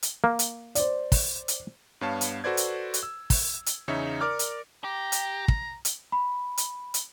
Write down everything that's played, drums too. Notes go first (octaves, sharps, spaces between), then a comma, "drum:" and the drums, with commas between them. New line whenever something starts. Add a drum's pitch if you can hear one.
drum: hi-hat
A#3
drum: hi-hat
C5 D5, drum: hi-hat
drum: kick, open hi-hat
drum: hi-hat
G2 B3 C#5 F5 A5
drum: hi-hat
F#4 A4 B4 C5 D5 G#6
drum: hi-hat
drum: hi-hat
E6
drum: kick, open hi-hat
drum: hi-hat
E2 C#3 D#4 C#5 E5 C#7
A#4 D5 D6 F6
drum: hi-hat
G4 A#5
drum: hi-hat
drum: kick
drum: hi-hat
B5
drum: hi-hat
drum: hi-hat